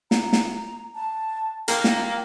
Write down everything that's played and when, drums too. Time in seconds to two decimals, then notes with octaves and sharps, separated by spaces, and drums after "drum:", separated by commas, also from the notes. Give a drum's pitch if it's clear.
0.11 A#5, drum: snare
0.33 drum: snare
0.95 A5
1.68 A#3 G5, drum: hi-hat
1.84 drum: snare